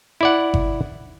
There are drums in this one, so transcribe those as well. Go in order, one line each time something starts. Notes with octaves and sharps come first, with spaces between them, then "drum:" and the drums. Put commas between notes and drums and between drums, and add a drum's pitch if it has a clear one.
E4 D5 F#5
drum: kick G1